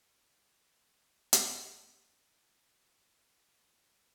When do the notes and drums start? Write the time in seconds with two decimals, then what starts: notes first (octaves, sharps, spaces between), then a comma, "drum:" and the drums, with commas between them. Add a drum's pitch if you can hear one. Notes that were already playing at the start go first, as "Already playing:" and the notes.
0.03 A4
1.33 drum: hi-hat
1.70 A4
1.95 E4
2.39 C4
2.78 G5
2.98 E3
3.35 D#4
3.54 D#5
3.87 E3